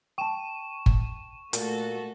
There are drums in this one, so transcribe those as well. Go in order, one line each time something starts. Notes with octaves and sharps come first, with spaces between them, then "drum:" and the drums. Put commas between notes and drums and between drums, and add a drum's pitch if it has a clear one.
G5 A5 C#6 D#7 E7
drum: kick G1
A#2 A3 F#4 A4, drum: hi-hat